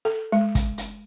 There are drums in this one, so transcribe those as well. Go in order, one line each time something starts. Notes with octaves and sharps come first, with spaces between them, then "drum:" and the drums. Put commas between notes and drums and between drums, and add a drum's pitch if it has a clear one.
A4
G#3
drum: kick, hi-hat
drum: hi-hat